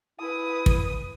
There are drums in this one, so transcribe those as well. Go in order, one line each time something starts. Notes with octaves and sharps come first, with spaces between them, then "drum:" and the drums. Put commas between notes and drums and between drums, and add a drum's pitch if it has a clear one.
E4 B4 D#6
drum: kick